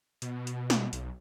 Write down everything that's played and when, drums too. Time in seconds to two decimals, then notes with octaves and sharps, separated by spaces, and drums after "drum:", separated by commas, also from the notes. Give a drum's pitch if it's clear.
0.22 B2, drum: hi-hat
0.47 drum: hi-hat
0.70 drum: snare
0.93 B1, drum: hi-hat